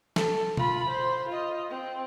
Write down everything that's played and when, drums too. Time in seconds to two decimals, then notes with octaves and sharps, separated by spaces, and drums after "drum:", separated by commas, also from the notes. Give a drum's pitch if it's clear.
0.16 A4, drum: snare
0.57 F4 B5, drum: tom B2
0.89 C5
1.29 F4 D#5
1.70 C4